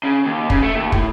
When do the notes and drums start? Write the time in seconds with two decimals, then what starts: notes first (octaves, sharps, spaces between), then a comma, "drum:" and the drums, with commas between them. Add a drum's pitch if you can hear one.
0.03 C#3
0.25 D#2
0.50 C#3, drum: kick
0.63 A3
0.75 D#2
0.92 A2, drum: kick